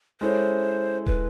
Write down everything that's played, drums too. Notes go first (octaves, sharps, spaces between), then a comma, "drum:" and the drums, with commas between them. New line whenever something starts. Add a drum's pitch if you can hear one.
G#3 C#4 E4 A4 C5 C#5
B4, drum: kick D#1